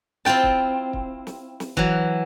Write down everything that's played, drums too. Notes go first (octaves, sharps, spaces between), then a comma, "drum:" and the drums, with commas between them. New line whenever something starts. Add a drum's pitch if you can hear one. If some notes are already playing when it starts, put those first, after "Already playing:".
C4 E4 F4 G5 A5, drum: snare
drum: kick
drum: kick
drum: snare
drum: snare
E3 F#3, drum: kick